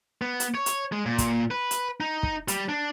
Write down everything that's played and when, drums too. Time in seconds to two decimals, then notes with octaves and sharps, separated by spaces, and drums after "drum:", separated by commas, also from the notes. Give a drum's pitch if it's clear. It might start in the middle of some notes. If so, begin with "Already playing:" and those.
0.22 B3
0.40 drum: hi-hat
0.55 C#5
0.66 drum: hi-hat
0.92 G#3
1.06 A#2
1.18 drum: kick, hi-hat
1.51 B4
1.71 drum: hi-hat
2.01 D#4
2.23 drum: kick
2.48 G3, drum: hi-hat
2.69 D4